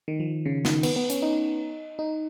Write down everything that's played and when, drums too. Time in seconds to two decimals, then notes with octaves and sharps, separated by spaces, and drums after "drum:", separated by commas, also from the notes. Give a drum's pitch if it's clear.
0.08 D#3
0.20 F3
0.46 C#3
0.65 D#3, drum: snare
0.83 B3, drum: cymbal
0.96 B3
1.10 C#4, drum: hi-hat
1.22 D#4
1.99 D#4